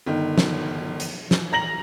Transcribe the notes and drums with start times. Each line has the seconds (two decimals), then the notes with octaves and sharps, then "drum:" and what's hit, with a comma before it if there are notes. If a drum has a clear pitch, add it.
0.06 G1 D#3
0.38 drum: snare
1.00 drum: hi-hat
1.31 drum: snare
1.53 A#5 A#6 F#7